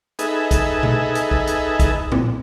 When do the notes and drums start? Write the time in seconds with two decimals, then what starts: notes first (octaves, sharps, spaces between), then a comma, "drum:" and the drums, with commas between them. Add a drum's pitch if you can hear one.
0.19 D#4 G#4 A4 B4 E5, drum: hi-hat
0.51 drum: kick, hi-hat
0.83 drum: tom B2
1.15 drum: hi-hat
1.31 drum: kick
1.47 drum: hi-hat
1.80 drum: kick, hi-hat
2.12 drum: tom A#2